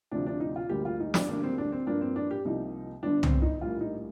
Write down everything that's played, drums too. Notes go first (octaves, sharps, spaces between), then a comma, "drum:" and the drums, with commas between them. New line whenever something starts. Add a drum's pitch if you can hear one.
D2 C3 F3 D4
D4
D#4
F4
D2 D3 G3 A#3 G4
F4
D#4
D4, drum: snare
D2 D3 G3 A#3 D4
C4
D4
C4
G2 F3 A#3 D4
C4
D4
G4
C2 C3 F3 A#3 D#4
G1 G2 D3 D4
C4, drum: tom C2
D#4
A#1 A2 G3 A#3 F4
D#4